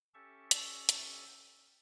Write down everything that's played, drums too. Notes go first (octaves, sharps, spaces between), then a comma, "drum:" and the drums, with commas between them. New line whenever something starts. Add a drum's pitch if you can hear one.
C#4 G4 A4 E5 A5 C#6
drum: hi-hat
drum: hi-hat